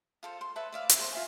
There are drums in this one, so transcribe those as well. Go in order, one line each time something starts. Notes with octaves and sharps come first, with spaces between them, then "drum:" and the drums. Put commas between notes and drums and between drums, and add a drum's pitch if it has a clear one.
F4 A4 C5
C6
B4 C#5 E5 A5
D5 E5 F5
drum: hi-hat
A4 C5
F4 E5 G#5